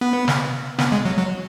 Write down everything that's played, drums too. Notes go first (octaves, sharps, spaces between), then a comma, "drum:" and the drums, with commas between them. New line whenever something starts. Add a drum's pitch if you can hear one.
B3
drum: snare
B3, drum: snare
G#3
F#3
F#3